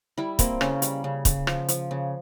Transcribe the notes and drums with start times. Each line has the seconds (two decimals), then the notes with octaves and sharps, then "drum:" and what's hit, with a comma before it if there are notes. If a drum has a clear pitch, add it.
0.18 G3 E4
0.39 A#3 C4, drum: kick, hi-hat
0.61 C#3 C#4, drum: rim click
0.82 G3, drum: hi-hat
1.04 C#3
1.25 C#3, drum: kick, hi-hat
1.47 F3, drum: rim click
1.68 F3, drum: hi-hat
1.91 C#3